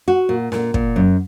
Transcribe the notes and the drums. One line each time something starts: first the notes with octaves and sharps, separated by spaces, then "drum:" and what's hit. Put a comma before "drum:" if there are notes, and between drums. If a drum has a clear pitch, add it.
F#4
A#2
A#2, drum: snare
A#2, drum: kick
F#2